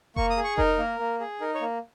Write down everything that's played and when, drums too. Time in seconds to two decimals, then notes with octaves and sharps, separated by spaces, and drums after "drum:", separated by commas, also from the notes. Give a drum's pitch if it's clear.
0.16 A#3 C#6, drum: kick F1
0.30 D#6
0.37 G#4
0.44 C#6
0.58 D#4 A#4, drum: kick F1
0.78 A#3
0.99 A#3
1.20 G#4
1.41 D#4 A#4
1.55 C#5
1.61 A#3